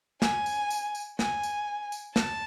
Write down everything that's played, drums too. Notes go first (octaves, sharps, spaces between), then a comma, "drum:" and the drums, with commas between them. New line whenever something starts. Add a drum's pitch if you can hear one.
G#5, drum: snare
drum: tambourine
drum: tambourine
drum: tambourine
G#5, drum: snare
drum: tambourine
drum: tambourine
A5, drum: snare